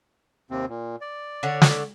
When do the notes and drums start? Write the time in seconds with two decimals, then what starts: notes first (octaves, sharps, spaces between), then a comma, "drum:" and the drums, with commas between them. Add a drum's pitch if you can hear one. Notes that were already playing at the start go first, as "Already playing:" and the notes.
0.51 D#2 C3 C4
0.69 A#2
1.01 D5
1.43 D3 C#5
1.62 drum: snare